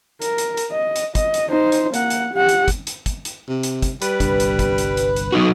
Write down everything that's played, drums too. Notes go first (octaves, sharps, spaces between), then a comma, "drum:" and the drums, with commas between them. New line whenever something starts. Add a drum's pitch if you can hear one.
A#4, drum: hi-hat
drum: hi-hat
drum: hi-hat
D#5
drum: hi-hat
D#5, drum: kick, hi-hat
drum: hi-hat
D#4 C5
drum: hi-hat
A#3 F#5, drum: hi-hat
drum: hi-hat
G4 F#5
drum: hi-hat
drum: kick, hi-hat
drum: hi-hat
drum: kick, hi-hat
drum: hi-hat
C3
drum: hi-hat
drum: kick, hi-hat
G3 B4, drum: hi-hat
G1 C2 D4, drum: kick, hi-hat
drum: hi-hat
drum: kick, hi-hat
drum: hi-hat
drum: hi-hat
drum: hi-hat
B2 F#3 D#4 F#4